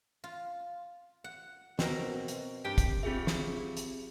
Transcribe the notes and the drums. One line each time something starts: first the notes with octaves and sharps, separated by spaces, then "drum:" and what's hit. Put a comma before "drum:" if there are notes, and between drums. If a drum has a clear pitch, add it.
F4
F#5
B2 C4 A#4, drum: snare
drum: hi-hat
G2 G4
drum: kick, hi-hat
C4 F4 G4 G#4 E5
drum: snare
drum: hi-hat